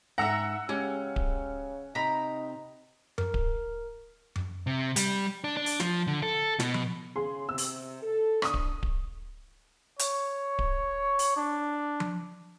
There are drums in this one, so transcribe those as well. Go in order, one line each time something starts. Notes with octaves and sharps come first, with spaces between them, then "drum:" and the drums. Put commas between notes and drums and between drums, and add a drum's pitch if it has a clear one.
G#2 E5 F#5 A#5 E6
C#3 G#3 C#4 G4
drum: kick D1
C3 D#4 A#5 B5
A#4, drum: tom F#2
drum: kick D1
drum: tom F#2
C3
G3, drum: hi-hat
D4
D4
drum: open hi-hat
F3, drum: snare
D3
A4
B2, drum: snare
drum: tom F3
C#3 G#4 C6
C3 E6
drum: open hi-hat
A4
D4 C#6 D#6, drum: rim click
drum: kick D1
drum: kick D1
C#5, drum: hi-hat
drum: kick D1
drum: open hi-hat
D4
drum: tom F3